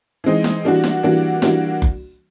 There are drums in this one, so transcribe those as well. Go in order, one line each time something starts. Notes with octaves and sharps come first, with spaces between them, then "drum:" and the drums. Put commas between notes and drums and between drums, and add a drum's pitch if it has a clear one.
E3 G#3 C4 D#4
drum: snare
E3 G3 A#3 D4 F#4
drum: snare
E3 G3 A#3 D4 F#4
E3 G3 A#3 D4 F#4, drum: snare
drum: kick F#1